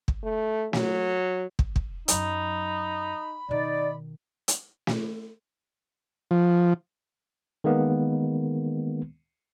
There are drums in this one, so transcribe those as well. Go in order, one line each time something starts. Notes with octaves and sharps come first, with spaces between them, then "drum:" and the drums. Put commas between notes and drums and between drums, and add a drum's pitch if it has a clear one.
drum: kick
A3
F#3, drum: snare
drum: kick
drum: kick
F#2 F#3 D#4 B5, drum: hi-hat
B2 D#3 D#4 D5
drum: hi-hat
drum: snare
F3
D#3 G#3 A#3 B3